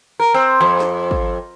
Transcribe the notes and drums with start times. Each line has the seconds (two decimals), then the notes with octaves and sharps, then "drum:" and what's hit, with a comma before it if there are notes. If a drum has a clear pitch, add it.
0.20 A#4
0.34 C4
0.61 F2
0.80 drum: snare
1.11 drum: kick